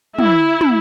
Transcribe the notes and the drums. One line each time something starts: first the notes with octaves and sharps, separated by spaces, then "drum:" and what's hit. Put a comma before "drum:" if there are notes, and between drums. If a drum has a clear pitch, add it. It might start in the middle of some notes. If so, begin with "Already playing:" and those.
E4, drum: tom
drum: tom